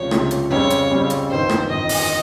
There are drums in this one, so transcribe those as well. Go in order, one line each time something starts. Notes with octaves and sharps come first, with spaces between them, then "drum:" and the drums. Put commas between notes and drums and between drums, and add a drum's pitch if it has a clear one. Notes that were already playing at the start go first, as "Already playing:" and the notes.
Already playing: C#2 C3 F3 C#5
C#2 C3 F3, drum: rim click
drum: hi-hat
F2 C#3 G3 C4 C#5
drum: hi-hat
F2 C#3 G3 C4
drum: hi-hat
G1 F2 D#3 C5
drum: rim click
G1 F2 D#3 D#5
drum: open hi-hat